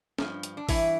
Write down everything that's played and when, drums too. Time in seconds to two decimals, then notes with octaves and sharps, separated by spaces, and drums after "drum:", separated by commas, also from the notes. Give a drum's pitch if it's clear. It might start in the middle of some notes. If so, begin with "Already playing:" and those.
0.18 G2 F3, drum: snare
0.43 drum: hi-hat
0.57 D4
0.69 G2 E3 E4, drum: kick, open hi-hat